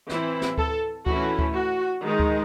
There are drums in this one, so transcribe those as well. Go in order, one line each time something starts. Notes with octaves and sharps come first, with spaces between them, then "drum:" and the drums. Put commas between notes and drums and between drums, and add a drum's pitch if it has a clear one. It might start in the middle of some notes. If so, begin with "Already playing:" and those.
E3 C4 E4, drum: snare
drum: snare
A4, drum: kick D2
E3 A3 C#4 E4 F#4, drum: kick D2
drum: kick D2
F#4
D#3 G#3 D#4
drum: kick D2